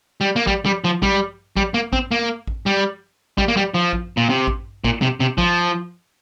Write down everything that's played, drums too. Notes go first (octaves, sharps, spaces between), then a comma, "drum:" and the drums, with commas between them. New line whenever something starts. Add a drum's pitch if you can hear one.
G3
A#3
G3, drum: kick A1
G3
F3
G3, drum: kick A1
G3, drum: kick A1
A#3
C4, drum: kick A1
A#3
drum: kick A1
G3
G3, drum: kick A1
A#3
G3
F3
drum: kick A1
A#2
C3
drum: kick A1
A#2, drum: kick A1
C3
C3
F3, drum: kick A1